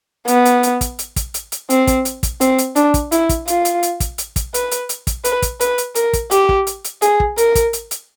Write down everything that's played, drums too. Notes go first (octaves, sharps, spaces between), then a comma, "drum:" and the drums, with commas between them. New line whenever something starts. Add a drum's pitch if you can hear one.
B3, drum: hi-hat
drum: hi-hat
drum: hi-hat
drum: kick, hi-hat
drum: hi-hat
drum: kick, hi-hat
drum: hi-hat
drum: hi-hat
C4, drum: hi-hat
drum: kick, hi-hat
drum: hi-hat
drum: kick, hi-hat
C4, drum: hi-hat
drum: hi-hat
D4, drum: hi-hat
drum: kick, hi-hat
E4, drum: hi-hat
drum: kick, hi-hat
F4, drum: hi-hat
drum: hi-hat
drum: hi-hat
drum: kick, hi-hat
drum: hi-hat
drum: kick, hi-hat
B4, drum: hi-hat
drum: hi-hat
drum: hi-hat
drum: kick, hi-hat
B4, drum: hi-hat
drum: kick, hi-hat
B4, drum: hi-hat
drum: hi-hat
A#4, drum: hi-hat
drum: kick, hi-hat
G4, drum: hi-hat
drum: kick
drum: hi-hat
drum: hi-hat
G#4, drum: hi-hat
drum: kick
A#4, drum: hi-hat
drum: kick, hi-hat
drum: hi-hat
drum: hi-hat